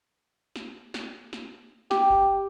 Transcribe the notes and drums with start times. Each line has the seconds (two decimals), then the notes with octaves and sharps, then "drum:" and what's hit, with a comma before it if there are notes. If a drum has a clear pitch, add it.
0.56 drum: snare
0.94 drum: snare
1.33 drum: snare
1.91 G4, drum: snare
2.10 drum: kick F#1